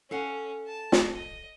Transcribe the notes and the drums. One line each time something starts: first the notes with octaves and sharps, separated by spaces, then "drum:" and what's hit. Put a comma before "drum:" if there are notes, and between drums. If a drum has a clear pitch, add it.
C#4 A4 F5 F#5
A5
drum: snare
D#5